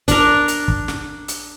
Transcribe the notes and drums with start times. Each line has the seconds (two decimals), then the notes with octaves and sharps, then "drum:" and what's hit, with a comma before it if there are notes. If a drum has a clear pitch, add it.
0.08 D4 A#4, drum: kick, hi-hat
0.48 drum: hi-hat
0.68 drum: kick
0.88 drum: snare
1.28 drum: hi-hat